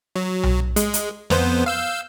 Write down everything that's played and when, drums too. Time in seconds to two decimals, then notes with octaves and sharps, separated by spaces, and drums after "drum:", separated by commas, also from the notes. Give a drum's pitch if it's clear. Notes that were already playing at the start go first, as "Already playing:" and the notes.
0.16 F#3
0.43 drum: tom B1
0.76 G#3, drum: hi-hat
0.94 drum: hi-hat
1.30 F2 B3 C5, drum: snare
1.66 F5 E6 G6